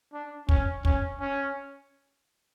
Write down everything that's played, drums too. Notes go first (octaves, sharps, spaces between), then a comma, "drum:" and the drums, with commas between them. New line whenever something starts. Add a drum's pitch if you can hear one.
D4
C#4, drum: kick
C#4, drum: kick
C#4